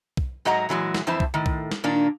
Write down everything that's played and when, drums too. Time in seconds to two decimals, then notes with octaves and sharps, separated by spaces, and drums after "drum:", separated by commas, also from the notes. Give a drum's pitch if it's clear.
0.17 drum: kick
0.45 G#2 F#3 F#4 D#5 F#5 A#5
0.69 A#2 E3 F#3 G#3
0.94 drum: snare
1.07 F2 E3 C5 E5 A5
1.20 drum: kick
1.34 A2 D#3
1.46 drum: kick
1.71 drum: snare
1.84 A#2 D#3 A#3 D4